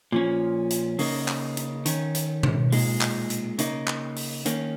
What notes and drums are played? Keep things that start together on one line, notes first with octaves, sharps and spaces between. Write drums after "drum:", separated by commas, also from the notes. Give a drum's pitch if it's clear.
A#2 F3 C#4
drum: hi-hat
C#3 A#3 D#4, drum: open hi-hat
drum: clap
drum: hi-hat
D#3 C#4, drum: hi-hat
drum: hi-hat
drum: tom B2
A#2 G#3 D#4, drum: open hi-hat
drum: clap
drum: hi-hat
C#3 A#3 D#4, drum: hi-hat
drum: clap
drum: open hi-hat
D#3 A#3 C#4, drum: hi-hat